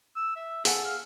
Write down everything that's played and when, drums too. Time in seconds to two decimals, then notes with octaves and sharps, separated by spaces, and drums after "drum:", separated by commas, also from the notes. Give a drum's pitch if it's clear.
0.16 E6
0.36 E5
0.65 G#4 A4 F#5, drum: open hi-hat
0.85 F5